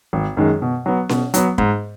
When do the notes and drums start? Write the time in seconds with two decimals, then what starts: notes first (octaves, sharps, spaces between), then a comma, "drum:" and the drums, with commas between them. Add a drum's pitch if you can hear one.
0.13 G#1
0.37 F#2 D#3 G#3
0.62 B2
0.86 F#3 B3
1.09 B2, drum: snare C#4
1.34 F#3 B3, drum: hi-hat
1.58 G#2, drum: kick